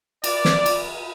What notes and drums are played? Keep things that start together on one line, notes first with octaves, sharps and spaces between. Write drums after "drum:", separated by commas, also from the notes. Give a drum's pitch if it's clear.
D5, drum: cymbal
drum: snare
drum: cymbal